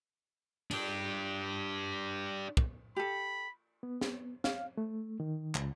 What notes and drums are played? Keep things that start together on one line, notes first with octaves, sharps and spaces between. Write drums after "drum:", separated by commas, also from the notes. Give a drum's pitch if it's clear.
D4 G4, drum: cymbal
drum: kick
G4 A4 B5
B3
drum: snare
F5, drum: snare
A3
D#3
C#2, drum: clap